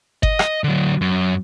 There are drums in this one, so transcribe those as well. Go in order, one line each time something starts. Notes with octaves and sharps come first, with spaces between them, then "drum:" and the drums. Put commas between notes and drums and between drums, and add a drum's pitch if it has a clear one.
D#5, drum: kick G1
drum: rim click
D3 F#3
F#2